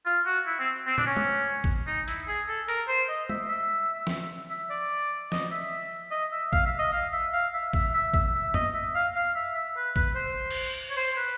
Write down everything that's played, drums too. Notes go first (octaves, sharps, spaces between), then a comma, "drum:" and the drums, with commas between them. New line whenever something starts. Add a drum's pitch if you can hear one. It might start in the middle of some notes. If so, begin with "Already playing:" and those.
F4
F#4
E4
C4
C4
D4, drum: tom
C#4
drum: tom
drum: kick A1
D#4
E4, drum: hi-hat
G#4
A4
A#4, drum: hi-hat
C5
D#5
E5, drum: tom
E5
drum: snare
E5
D5
D#5, drum: snare
E5
D#5
E5
F5, drum: kick A1
E5
D#5
F5
E5
F5
E5
E5, drum: kick A1
E5
E5, drum: kick A1
E5
D#5, drum: tom
E5
F5
F5
E5
E5
B4
B4, drum: kick A1
C5
drum: cymbal
C#5
C5
B4